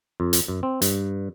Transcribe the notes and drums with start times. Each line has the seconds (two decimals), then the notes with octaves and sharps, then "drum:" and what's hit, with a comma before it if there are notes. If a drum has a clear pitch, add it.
0.20 F2
0.33 drum: hi-hat
0.48 F#2
0.63 C4
0.82 G2, drum: hi-hat